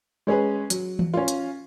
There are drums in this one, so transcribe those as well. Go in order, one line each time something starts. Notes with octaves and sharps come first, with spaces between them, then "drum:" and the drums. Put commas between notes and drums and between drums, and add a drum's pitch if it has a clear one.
G#3 C#4 G#4 B4
F#3, drum: hi-hat
drum: tom E3
C#4 F4
drum: hi-hat